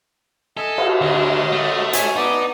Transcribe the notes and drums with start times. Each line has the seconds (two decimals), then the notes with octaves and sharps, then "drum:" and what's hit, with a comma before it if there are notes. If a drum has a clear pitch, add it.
0.57 A4 D#5 E5 G#5
0.78 drum: cymbal
1.01 D2 C#5 D#5
1.52 A3
1.93 C#5 E5 G#5, drum: hi-hat
2.16 B3 D#4 D5 A5